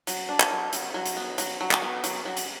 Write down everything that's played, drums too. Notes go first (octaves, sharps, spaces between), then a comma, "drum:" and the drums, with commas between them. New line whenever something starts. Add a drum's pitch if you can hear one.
F#3, drum: hi-hat
D4
drum: clap
F#3
F#3, drum: hi-hat
F#3
drum: hi-hat
B3
F#3, drum: hi-hat
F#3
drum: clap
B3
F#3, drum: hi-hat
F#3
drum: hi-hat